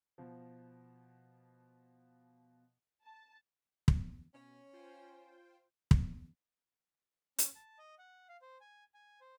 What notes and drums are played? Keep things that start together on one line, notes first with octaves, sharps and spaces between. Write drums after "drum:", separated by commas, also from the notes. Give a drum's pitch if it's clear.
B2 F3
A5
drum: kick
B2 C#4
F4 C5 G5
drum: kick
C#4, drum: hi-hat
A5
D#5
F#5
F5
C5
G#5
G#5
C5